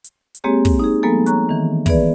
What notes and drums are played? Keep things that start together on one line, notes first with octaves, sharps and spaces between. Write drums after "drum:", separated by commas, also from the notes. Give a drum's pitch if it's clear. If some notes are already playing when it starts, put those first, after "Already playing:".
drum: hi-hat
drum: hi-hat
G#3 A#3 C4 G4 G#4 C#5
drum: kick, open hi-hat
D#4 G#4
F3 G3 G#3 A#3 B3 A4
C#5 A#5 C#6 F#6, drum: hi-hat
D#3 E3
E3 B3 G#4 B4 D5, drum: kick, open hi-hat